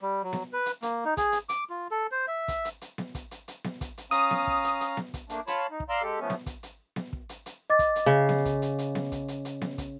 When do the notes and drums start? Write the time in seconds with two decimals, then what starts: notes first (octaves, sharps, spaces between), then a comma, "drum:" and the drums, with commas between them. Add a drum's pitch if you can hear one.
0.01 G3
0.23 F#3
0.33 drum: snare B3
0.53 B4
0.66 drum: hi-hat
0.82 A#3, drum: hi-hat
1.05 D#4
1.17 G#4, drum: kick, hi-hat
1.32 drum: hi-hat
1.49 D6, drum: hi-hat
1.70 F4
1.91 A4
2.11 C5
2.28 E5
2.48 drum: kick, hi-hat
2.65 drum: hi-hat
2.81 drum: hi-hat
2.98 drum: snare B3
3.15 drum: kick, hi-hat
3.31 drum: hi-hat
3.48 drum: hi-hat
3.64 drum: snare B3
3.81 drum: kick, hi-hat
3.98 drum: hi-hat
4.11 C#4 F5 A#5 D#6, drum: hi-hat
4.31 drum: snare B3
4.47 drum: kick
4.64 drum: hi-hat
4.80 drum: hi-hat
4.97 drum: snare B3
5.14 drum: kick, hi-hat
5.30 A3 A#3 D4, drum: hi-hat
5.47 F4 C#5 A5 B5, drum: hi-hat
5.71 D#4
5.80 drum: kick
5.89 D5 F5 A#5 C6 E6
6.02 G#3 G4 A4
6.20 F3 A3 B3 C#4
6.30 drum: snare B3
6.46 drum: kick, hi-hat
6.63 drum: hi-hat
6.96 drum: snare B3
7.13 drum: kick
7.29 drum: hi-hat
7.46 drum: hi-hat
7.70 D#5 D6 A6
7.79 drum: kick, hi-hat
7.96 drum: hi-hat
8.06 C#3
8.29 drum: snare B3
8.45 drum: kick, hi-hat
8.62 drum: hi-hat
8.79 drum: hi-hat
8.95 drum: snare B3
9.12 drum: kick, hi-hat
9.28 drum: hi-hat
9.45 drum: hi-hat
9.61 drum: snare B3
9.78 drum: kick, hi-hat